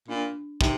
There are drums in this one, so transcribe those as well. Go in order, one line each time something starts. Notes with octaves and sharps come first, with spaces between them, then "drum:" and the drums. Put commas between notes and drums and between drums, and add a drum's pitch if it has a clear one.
A#2 D4
C3 D#4, drum: kick